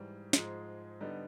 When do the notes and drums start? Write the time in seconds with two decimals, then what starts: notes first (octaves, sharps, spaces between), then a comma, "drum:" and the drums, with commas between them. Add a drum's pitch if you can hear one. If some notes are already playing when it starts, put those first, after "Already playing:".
Already playing: G#2 E3 G3
0.33 G#2 F3 G#3, drum: snare
1.01 D3 G3 B3 D#4